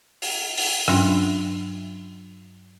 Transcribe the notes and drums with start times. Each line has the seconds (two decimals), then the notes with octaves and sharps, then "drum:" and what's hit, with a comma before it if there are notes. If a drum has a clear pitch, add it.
0.22 drum: open hi-hat
0.57 drum: open hi-hat
0.88 G2 F#3 C#4 D4, drum: rim click